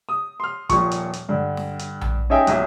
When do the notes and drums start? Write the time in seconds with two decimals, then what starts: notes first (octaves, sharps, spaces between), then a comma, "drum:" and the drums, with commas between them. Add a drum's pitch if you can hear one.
0.09 D#6
0.40 C6 F6
0.69 D#1 A#2 F3 C#6, drum: kick, hi-hat
0.91 drum: hi-hat
1.13 drum: hi-hat
1.29 G2 D3
1.57 drum: snare
1.79 drum: hi-hat
2.01 drum: tom A#1
2.30 C#4 D#4 G#4 E5 G5 G#5
2.47 D#1 B1 E5, drum: hi-hat